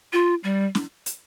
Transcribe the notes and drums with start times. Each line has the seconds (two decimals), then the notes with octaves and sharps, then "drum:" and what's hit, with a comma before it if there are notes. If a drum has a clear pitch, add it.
0.13 F4
0.44 G3
0.75 drum: snare
1.06 drum: hi-hat